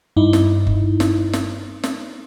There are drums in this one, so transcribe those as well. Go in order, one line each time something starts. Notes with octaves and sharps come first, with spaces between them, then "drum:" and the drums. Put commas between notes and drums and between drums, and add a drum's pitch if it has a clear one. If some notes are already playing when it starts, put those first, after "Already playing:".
G2 D#4 E4
drum: snare
drum: kick F#1
drum: snare
drum: snare
drum: snare